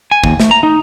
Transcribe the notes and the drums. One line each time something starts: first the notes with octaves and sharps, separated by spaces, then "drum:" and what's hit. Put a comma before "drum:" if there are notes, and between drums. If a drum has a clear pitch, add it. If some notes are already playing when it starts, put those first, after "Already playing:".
G#5
D#2, drum: kick
A3, drum: snare
A#5
D#4